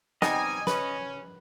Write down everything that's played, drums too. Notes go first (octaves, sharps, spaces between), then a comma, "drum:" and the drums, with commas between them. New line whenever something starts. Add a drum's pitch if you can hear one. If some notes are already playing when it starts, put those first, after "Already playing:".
G3 B3 C4 D#4 D#5 G#5, drum: snare
C#4 B4, drum: snare